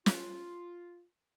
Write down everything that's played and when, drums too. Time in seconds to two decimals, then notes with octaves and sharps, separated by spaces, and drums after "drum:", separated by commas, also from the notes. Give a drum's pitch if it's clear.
0.06 F4, drum: snare